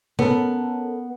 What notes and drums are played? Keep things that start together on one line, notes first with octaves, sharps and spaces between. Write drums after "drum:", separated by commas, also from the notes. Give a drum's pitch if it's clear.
B3 C#4 A4 A#4, drum: tom C3